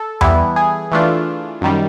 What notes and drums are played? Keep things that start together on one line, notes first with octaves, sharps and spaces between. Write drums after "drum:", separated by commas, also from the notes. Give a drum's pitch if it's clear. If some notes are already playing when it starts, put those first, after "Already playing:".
Already playing: A4
E3 G3 B3 E4, drum: tom E2
G#4
E3 A3 D4 F4
F#2 D#3 G3